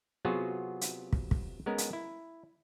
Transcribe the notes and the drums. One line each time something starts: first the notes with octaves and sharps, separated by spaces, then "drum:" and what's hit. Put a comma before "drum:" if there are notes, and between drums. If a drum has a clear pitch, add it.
C3 F#3 B3 F4 F#4 G#4
drum: hi-hat
drum: kick
drum: kick
G#3 B3 C#4 A#4
drum: hi-hat
E4